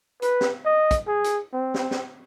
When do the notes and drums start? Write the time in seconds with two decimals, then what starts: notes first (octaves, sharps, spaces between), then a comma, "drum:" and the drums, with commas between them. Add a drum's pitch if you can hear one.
0.22 B4, drum: hi-hat
0.41 drum: snare
0.65 D#5
0.91 drum: kick, hi-hat
1.08 G#4
1.24 drum: hi-hat
1.53 C4
1.74 drum: snare
1.91 drum: snare